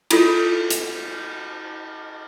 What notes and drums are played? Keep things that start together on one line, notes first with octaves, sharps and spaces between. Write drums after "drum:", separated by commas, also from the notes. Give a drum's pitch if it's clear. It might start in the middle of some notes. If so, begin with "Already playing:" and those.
E4 F4 A4 D#5, drum: cymbal
drum: hi-hat